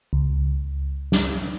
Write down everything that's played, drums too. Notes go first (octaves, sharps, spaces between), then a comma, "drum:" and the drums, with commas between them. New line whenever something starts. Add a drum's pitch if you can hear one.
C#2
drum: snare